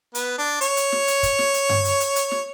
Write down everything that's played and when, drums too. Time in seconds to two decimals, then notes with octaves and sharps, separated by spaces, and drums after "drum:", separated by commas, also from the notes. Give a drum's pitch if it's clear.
0.15 B3, drum: hi-hat
0.38 D4
0.61 C#5, drum: hi-hat
0.77 drum: hi-hat
0.92 drum: snare
1.08 drum: hi-hat
1.23 drum: kick, hi-hat
1.38 drum: snare
1.54 drum: hi-hat
1.69 drum: tom G2
1.85 drum: hi-hat
2.00 drum: hi-hat
2.16 drum: hi-hat
2.31 drum: snare